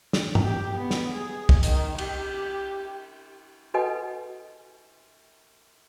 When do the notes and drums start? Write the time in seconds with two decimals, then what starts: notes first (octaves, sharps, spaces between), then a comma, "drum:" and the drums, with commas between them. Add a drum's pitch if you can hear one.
0.13 drum: snare
0.35 drum: tom G2
0.44 G4
0.76 B3
0.91 drum: snare
1.14 G#4
1.49 drum: kick
1.63 D#3, drum: hi-hat
1.98 G4, drum: cymbal
3.74 F#4 A4 B4 D#5 F#5 G#5